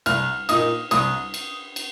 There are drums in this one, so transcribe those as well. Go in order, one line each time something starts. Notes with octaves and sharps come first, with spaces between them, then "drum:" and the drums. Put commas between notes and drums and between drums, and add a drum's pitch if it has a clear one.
C2 F6, drum: cymbal
A#2 A#3 D#4 D#6, drum: cymbal
C2 D#6, drum: cymbal
drum: cymbal
drum: cymbal